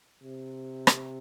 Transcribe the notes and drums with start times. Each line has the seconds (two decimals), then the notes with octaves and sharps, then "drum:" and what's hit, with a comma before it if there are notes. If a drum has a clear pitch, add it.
0.23 C3
0.87 drum: rim click